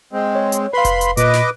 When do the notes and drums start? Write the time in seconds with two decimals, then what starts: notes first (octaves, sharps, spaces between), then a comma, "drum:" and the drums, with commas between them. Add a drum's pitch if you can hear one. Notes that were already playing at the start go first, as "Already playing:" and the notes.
0.13 G#3 C4
0.35 C#5
0.52 drum: hi-hat
0.73 B4 F5 B5 C6
0.85 drum: kick F1, hi-hat
1.01 drum: hi-hat
1.17 A#2 B4 D#5 D6, drum: hi-hat
1.33 drum: snare